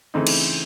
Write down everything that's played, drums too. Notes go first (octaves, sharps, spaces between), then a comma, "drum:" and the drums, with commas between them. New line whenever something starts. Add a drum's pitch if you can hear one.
C#3 E3 A3 C4 D#4
drum: cymbal